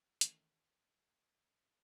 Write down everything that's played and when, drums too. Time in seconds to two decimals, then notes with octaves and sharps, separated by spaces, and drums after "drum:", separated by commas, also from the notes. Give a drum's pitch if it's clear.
0.21 D#3 E3 A3 C#4, drum: hi-hat